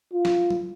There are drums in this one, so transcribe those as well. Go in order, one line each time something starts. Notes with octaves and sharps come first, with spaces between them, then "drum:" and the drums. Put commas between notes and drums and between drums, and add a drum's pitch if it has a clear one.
F4
drum: snare
drum: tom F#3